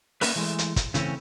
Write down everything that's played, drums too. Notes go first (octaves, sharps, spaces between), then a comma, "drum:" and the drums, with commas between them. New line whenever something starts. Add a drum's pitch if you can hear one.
A#3 B3 C#4 D#4 A#4 B4, drum: open hi-hat
E3 G#3 A3
drum: hi-hat
drum: kick, hi-hat
C#3 E3 A3 C4 C#4, drum: hi-hat